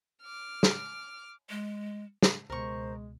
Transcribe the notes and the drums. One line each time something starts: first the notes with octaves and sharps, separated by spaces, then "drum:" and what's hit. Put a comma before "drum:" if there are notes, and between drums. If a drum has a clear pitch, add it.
D6 F6
drum: snare
G#3
drum: snare
C#2 B2 G#3 A#4 C5 C#6